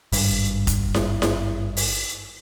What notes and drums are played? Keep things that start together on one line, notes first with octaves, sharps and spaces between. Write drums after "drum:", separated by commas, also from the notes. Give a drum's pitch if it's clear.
G#1 G2, drum: open hi-hat
drum: kick F1, hi-hat
drum: snare E4
drum: snare E4
drum: open hi-hat